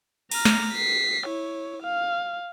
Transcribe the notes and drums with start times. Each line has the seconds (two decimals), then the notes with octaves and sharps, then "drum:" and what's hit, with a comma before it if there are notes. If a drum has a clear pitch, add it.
0.31 A#5 F6, drum: cymbal
0.45 drum: snare
0.73 B6 C7
1.26 E4 C#5
1.82 F5